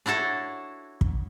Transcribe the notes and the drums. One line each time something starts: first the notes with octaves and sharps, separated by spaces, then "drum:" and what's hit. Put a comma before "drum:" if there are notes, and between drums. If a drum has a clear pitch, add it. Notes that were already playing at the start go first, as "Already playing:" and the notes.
D4 E4 F#4 A4 C#5
drum: kick